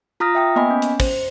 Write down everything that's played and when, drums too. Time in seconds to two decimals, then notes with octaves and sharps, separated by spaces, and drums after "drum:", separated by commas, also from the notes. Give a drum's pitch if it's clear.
0.20 F4 A#5 D#6 F6 A#6
0.35 E5 G5 D#6
0.56 A#3 B3 D#5 G#5 B5
0.70 C#4
0.82 drum: hi-hat
1.00 C5, drum: kick, open hi-hat